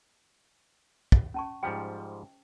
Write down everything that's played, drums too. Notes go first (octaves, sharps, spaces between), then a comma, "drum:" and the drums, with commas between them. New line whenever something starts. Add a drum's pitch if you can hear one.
drum: kick
C#4 A5 C#6
G#2 F3 G3 G5